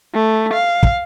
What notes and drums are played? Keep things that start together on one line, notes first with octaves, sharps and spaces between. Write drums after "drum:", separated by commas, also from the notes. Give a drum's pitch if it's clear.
A3
F5
drum: kick